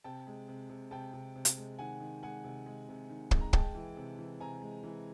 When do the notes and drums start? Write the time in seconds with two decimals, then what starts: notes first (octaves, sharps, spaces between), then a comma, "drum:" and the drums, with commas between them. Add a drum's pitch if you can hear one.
0.04 C3 G5 A5
0.27 G#3
0.48 C3
0.69 C3
0.91 C3 G5 A5
1.13 C3
1.36 C3
1.45 drum: hi-hat
1.58 G#3
1.79 D#3 F#5 G#5
2.00 D#3
2.23 G#3 F#5 G#5
2.44 C3
2.66 G#3
2.88 C3
3.09 D#3
3.31 G#3, drum: kick
3.41 A#5
3.53 G#3 G5 A5, drum: kick
3.75 E3
3.97 C3
4.19 E3
4.40 C3 G#5 A#5
4.62 G#3
4.84 E3